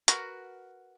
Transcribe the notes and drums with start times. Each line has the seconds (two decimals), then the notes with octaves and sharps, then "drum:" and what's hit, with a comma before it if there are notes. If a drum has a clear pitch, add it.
0.08 F#4 A#4 B4, drum: hi-hat